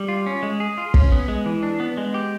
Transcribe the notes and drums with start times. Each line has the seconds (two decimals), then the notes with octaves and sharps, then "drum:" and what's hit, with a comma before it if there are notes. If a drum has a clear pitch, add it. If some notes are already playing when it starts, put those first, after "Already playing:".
Already playing: G3
0.09 F4
0.26 C#4
0.43 G#3
0.60 G#4
0.78 F4
0.94 C#4, drum: kick
1.12 B3
1.28 G#3
1.46 E3
1.63 D4
1.80 B3
1.97 G#3
2.14 G4